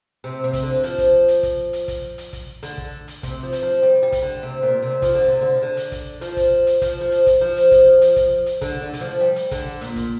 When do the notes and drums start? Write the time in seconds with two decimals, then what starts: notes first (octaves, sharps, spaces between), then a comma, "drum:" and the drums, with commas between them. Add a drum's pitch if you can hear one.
0.24 C3
0.44 C3
0.53 drum: kick, hi-hat
0.63 D3
0.83 F3, drum: hi-hat
0.98 drum: kick, hi-hat
1.28 drum: hi-hat
1.43 drum: kick, hi-hat
1.73 drum: hi-hat
1.88 drum: kick, hi-hat
2.18 drum: hi-hat
2.33 drum: kick, hi-hat
2.63 D3, drum: hi-hat
2.78 drum: kick
3.08 drum: hi-hat
3.23 C3, drum: kick, hi-hat
3.43 F3
3.53 drum: hi-hat
3.63 F3
3.82 G3
4.03 G3
4.12 drum: kick, hi-hat
4.22 D3
4.43 C3
4.63 A#2
4.82 C3
5.02 F3, drum: kick, hi-hat
5.14 D3
5.28 C3
5.41 D3
5.56 F3
5.63 D3
5.77 drum: hi-hat
5.92 drum: kick, hi-hat
6.21 F3, drum: hi-hat
6.37 drum: kick, hi-hat
6.67 drum: hi-hat
6.82 F3, drum: kick, hi-hat
7.01 F3
7.12 drum: hi-hat
7.27 drum: kick, hi-hat
7.41 F3
7.56 drum: hi-hat
7.71 drum: kick, hi-hat
8.01 drum: hi-hat
8.16 drum: kick, hi-hat
8.46 drum: hi-hat
8.62 D3, drum: kick, hi-hat
8.81 D3
8.94 D3, drum: hi-hat
9.01 F3
9.21 G3
9.36 drum: hi-hat
9.51 D3, drum: kick, hi-hat
9.81 A#2, drum: hi-hat
9.96 drum: kick, hi-hat